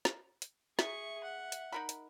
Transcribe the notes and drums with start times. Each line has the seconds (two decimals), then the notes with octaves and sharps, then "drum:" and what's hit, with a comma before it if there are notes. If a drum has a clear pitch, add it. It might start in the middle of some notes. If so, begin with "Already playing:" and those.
0.05 drum: snare
0.42 drum: hi-hat
0.79 G#4 E5 C#6, drum: snare
1.24 F#5
1.52 drum: hi-hat
1.72 D#4 A#4 B5
1.89 drum: hi-hat